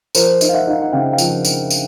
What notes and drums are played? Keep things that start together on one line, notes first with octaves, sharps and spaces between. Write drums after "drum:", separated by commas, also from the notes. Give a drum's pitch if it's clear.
F3 A#4 C5, drum: tambourine
D#4, drum: tambourine
F5
E5 F#5
D#4 F5
F#5
C#3 F5 G5
F5 G5
F3, drum: tambourine
drum: tambourine
drum: tambourine